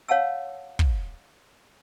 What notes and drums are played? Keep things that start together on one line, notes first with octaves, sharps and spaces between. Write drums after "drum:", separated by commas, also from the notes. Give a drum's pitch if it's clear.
C#5 F5 F#5 A5 E6
drum: kick